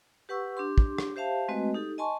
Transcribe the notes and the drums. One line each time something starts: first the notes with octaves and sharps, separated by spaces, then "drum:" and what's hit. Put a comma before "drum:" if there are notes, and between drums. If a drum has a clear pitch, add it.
G4 B4 F#5 C#6 E6
D4 G4 C6
drum: kick
drum: rim click
G4 C5 E5 F5 A5
G#3 A3 C4 F#4 B4 D#5
D#4 G4 A4
D#5 G#5 A5 C6 C#6